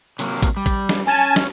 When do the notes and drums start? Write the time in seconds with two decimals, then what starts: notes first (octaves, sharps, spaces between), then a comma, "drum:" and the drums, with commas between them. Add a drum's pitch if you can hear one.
0.19 C3 F#3 A#3, drum: hi-hat
0.42 drum: kick A1, hi-hat
0.57 G3
0.66 drum: kick A1, hi-hat
0.89 drum: snare
1.07 C#4 G#5 A5
1.36 drum: snare